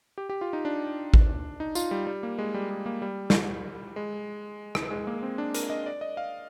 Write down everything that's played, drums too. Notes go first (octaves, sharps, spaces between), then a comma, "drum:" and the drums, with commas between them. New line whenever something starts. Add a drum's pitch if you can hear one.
G4
G4
F4
D#4
D4
drum: kick A1
D#4
F4, drum: tambourine
G3
G3
A#3
G#3
G3
G#3
A#3
G3
drum: snare
G#3
drum: rim click
G#3
A#3
C4
D4
A#4, drum: hi-hat
D#5
D5
D#5
F5